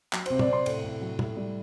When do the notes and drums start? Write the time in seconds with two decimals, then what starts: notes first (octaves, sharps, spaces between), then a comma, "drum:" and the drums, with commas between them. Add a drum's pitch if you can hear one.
0.13 F#3, drum: clap
0.26 C5, drum: cymbal
0.30 C3
0.39 D5, drum: tom
0.49 C3 C6
0.66 A2, drum: cymbal
0.84 A2
1.01 F#3
1.19 A2, drum: tom
1.37 G3